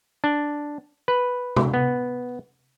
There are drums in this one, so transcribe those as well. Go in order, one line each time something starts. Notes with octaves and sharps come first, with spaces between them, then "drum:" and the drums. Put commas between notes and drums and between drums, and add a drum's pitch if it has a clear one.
D4
B4
drum: tom
B3